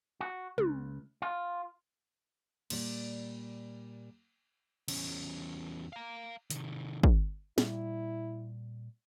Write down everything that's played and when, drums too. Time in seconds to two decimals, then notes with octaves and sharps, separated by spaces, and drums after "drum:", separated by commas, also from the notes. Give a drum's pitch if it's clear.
0.21 F#4
0.58 C#2, drum: tom
1.22 F4
2.70 A#2 G3 D5, drum: cymbal
4.88 E2 C#4, drum: cymbal
5.93 F5 A#5
6.50 C3 D#3, drum: hi-hat
7.03 drum: kick
7.58 A#2 G3 E4, drum: snare